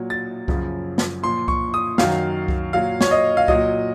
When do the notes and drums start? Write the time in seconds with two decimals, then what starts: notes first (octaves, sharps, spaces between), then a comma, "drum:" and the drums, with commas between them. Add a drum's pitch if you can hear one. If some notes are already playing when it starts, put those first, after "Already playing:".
Already playing: A#2 F#3
0.10 A6
0.48 F#2 C#3 F3, drum: kick C2
0.98 drum: snare
1.23 A#2 F3 C6
1.48 C#6, drum: kick C2
1.74 D#6
1.98 F#2 D#3 F#3 F5, drum: snare
2.48 drum: kick C2
2.73 A#2 F#3 F5
3.01 C#5, drum: snare
3.11 D#5
3.37 F5
3.48 A#2 F#3 D#5, drum: kick C2